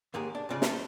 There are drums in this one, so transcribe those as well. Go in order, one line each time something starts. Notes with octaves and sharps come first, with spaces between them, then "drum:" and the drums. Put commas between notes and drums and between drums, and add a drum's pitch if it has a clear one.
D#2 G#2 A#3 G4 G#4
D4
D2 G#2 C#3 F4 D5
A#3 A4, drum: snare
C5